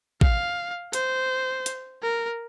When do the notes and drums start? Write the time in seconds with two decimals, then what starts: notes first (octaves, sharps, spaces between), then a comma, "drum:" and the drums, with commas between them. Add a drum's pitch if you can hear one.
0.21 F5, drum: kick
0.93 C5, drum: hi-hat
1.66 drum: hi-hat
2.02 A#4